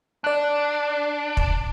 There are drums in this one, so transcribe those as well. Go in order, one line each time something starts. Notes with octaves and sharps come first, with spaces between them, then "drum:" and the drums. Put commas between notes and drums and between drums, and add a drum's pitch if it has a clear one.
D4 D5 F#6
drum: kick